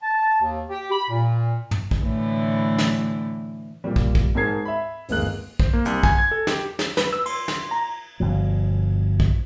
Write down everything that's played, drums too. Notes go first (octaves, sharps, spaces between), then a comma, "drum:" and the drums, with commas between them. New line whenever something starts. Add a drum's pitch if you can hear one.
A5
D#2
G4
B5
A#2
drum: tom
drum: kick
A2 D3 E3
drum: snare
A#2 G3
drum: kick
drum: kick
G#2 G#3 A#4 A5 G#6 C7
E5 B5
D1 G1 D#2 G#3 A#3 F#6, drum: open hi-hat
C5, drum: kick
A#3
C2, drum: hi-hat
G#5, drum: kick
G#6
A4
G4, drum: snare
drum: snare
B4, drum: snare
E6
C6, drum: cymbal
drum: snare
A#5
G1 B2 F3
drum: kick